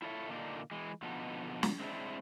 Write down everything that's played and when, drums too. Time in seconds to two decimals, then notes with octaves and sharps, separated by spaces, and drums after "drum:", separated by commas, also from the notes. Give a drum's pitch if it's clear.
0.02 E4 F4 A4 C#5 E5
0.29 A#2 D3 A#3 B3 D4 D#4
0.71 E3 G#3
1.02 B2 D3 F3 B3 D#4
1.63 drum: snare
1.80 G#3 C4 D4 E4